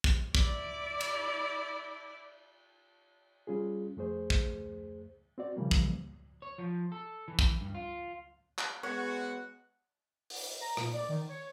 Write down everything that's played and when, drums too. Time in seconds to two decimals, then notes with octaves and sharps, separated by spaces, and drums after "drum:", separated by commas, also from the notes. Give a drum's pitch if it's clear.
0.04 drum: kick
0.35 E4 D5, drum: kick
1.01 drum: cymbal
3.47 G3 C#4 F4 G#4
3.97 F2 A3 G#4 C5
4.30 drum: kick
5.38 C4 F#4 D5
5.57 C#3 E3 F3 G3 A#3
5.71 drum: kick
6.42 C#5
6.58 F3
6.92 A4
7.28 E3
7.39 drum: kick
7.61 G2
7.75 F4
8.59 drum: clap
8.83 G#3 B3 F#4 C#5 F#5
10.30 drum: open hi-hat
10.60 A#5
10.77 A#2, drum: rim click
10.93 D5
11.09 D#3
11.28 C#5